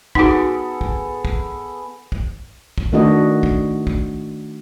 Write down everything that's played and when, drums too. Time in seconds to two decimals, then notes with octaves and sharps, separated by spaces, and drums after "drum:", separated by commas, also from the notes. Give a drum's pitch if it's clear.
0.15 B3 D#4 F#4 G#4 A4, drum: kick
0.81 drum: kick
1.25 drum: kick
2.12 drum: kick
2.78 drum: kick
2.92 D#3 A3 D4 F#4 D#5
3.43 drum: kick
3.87 drum: kick